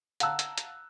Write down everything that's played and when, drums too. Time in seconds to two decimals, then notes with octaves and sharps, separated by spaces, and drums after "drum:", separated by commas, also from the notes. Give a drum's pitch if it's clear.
0.20 F5 F#5 A5 A#5 E6 F#6, drum: hi-hat
0.39 drum: hi-hat
0.58 drum: hi-hat